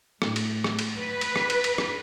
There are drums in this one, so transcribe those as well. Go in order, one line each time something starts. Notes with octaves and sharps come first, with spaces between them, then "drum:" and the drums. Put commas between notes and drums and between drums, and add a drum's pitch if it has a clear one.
A2, drum: rim click
drum: cymbal
drum: rim click
drum: cymbal
B4
drum: cymbal
drum: rim click
drum: cymbal
drum: cymbal
drum: rim click